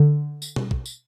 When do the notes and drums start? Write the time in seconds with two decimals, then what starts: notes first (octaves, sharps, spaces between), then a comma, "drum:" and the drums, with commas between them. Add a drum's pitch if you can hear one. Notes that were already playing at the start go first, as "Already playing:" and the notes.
Already playing: D3
0.42 drum: tambourine
0.56 drum: tom
0.71 drum: kick
0.86 drum: tambourine